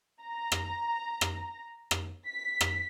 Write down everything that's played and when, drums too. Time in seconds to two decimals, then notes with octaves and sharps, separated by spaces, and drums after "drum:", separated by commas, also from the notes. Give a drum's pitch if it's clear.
0.21 A#5
0.52 drum: rim click
1.21 drum: rim click
1.91 drum: rim click
2.26 B6
2.61 drum: rim click